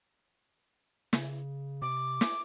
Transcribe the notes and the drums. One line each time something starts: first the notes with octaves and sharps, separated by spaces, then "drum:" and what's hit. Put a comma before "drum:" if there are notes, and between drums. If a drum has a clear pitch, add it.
C#3, drum: snare
C3 D6
drum: snare